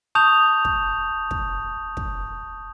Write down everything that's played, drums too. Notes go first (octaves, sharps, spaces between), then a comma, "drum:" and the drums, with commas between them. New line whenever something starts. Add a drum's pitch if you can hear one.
A5 C#6 D#6 G6 F7
drum: kick
drum: kick
drum: kick